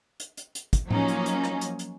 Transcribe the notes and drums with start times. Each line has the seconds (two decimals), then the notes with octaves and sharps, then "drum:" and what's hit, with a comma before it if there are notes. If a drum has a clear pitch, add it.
0.20 drum: hi-hat
0.37 drum: hi-hat
0.55 drum: hi-hat
0.73 drum: kick, hi-hat
0.91 F3 F#3 A#3 C#4 D#4, drum: tom A2
1.08 drum: hi-hat
1.26 drum: hi-hat
1.44 drum: rim click
1.61 drum: hi-hat
1.79 drum: hi-hat